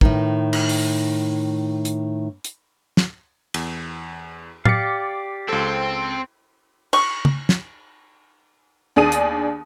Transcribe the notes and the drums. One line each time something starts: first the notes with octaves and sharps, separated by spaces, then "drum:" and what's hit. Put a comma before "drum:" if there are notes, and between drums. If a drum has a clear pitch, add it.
A2 D#3, drum: kick
drum: cymbal
drum: open hi-hat
drum: hi-hat
drum: hi-hat
drum: snare
E2, drum: cymbal
G4 D5 F5 A6 C#7, drum: tom A2
C#2 C4 A4
C#6, drum: cymbal
drum: tom
drum: snare
D#2 D4 G#4 D#6 D#7
drum: hi-hat